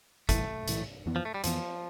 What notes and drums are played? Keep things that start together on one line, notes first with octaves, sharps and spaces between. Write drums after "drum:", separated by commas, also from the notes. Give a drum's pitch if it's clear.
B1 A2 E3 A3, drum: kick, hi-hat
B1 A2 E3, drum: hi-hat
F2 E3 B3
F3
A3
G3
F2 E3 F3 B3, drum: hi-hat